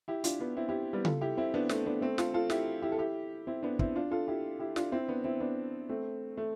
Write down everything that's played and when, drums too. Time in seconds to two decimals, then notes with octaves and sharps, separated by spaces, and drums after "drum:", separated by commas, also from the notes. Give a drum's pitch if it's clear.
0.08 E4 G4
0.24 D4 F4, drum: hi-hat
0.40 B3 D4
0.57 C4 E4
0.69 E4 G4
0.93 G3 B3
1.05 F4 A4, drum: tom C#3
1.21 E4 G4
1.37 C4 E4
1.54 B3 D4
1.69 A3 C4, drum: snare
1.86 B3 D4
2.01 A3 C4
2.18 F4 A4, drum: snare
2.34 F4 A4
2.50 E4 G4, drum: snare
2.82 E4 G4
2.92 A4
2.98 E4 G4
3.47 C4 E4
3.63 B3 D4
3.79 C4 E4, drum: kick
3.95 D4 F4
4.11 F4 A4
4.28 E4 G4
4.59 E4 G4
4.76 D4 F4, drum: snare
4.92 C4 E4
5.08 B3 D4
5.24 C4 E4
5.40 B3 D4
5.89 A3 C4
6.37 A3